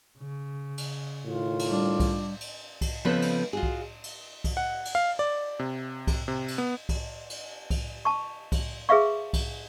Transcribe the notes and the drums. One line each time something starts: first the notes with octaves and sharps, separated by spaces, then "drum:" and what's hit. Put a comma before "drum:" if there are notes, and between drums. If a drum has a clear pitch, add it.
C#3
drum: cymbal
A2 D#3 F4
drum: cymbal
G3 D4
drum: kick C2, cymbal
drum: cymbal
drum: kick C2, cymbal
C#3 F3 B3 C4 A4 B4
drum: cymbal
F4 F#4 G#4
drum: kick C2
drum: cymbal
drum: kick C2, cymbal
F#5
drum: cymbal
F5
D5
C3
drum: kick C2, cymbal
C3
drum: cymbal
B3
drum: kick C2, cymbal
drum: cymbal
drum: kick C2, cymbal
A5 C#6
drum: kick C2, cymbal
G#4 B4 E5 F5 C#6
drum: kick C2, cymbal